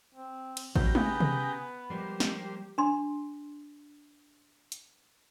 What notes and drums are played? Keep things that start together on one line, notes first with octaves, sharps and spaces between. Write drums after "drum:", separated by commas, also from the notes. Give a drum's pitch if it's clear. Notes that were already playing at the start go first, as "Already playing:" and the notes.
C4
drum: cymbal
B2 F#3 G4 G5 A#5, drum: kick A1
C#3 B3 G#4, drum: tom
drum: tom C3
F3 G3 G#3 A#3 G4 C5
drum: snare
D4 C6
drum: hi-hat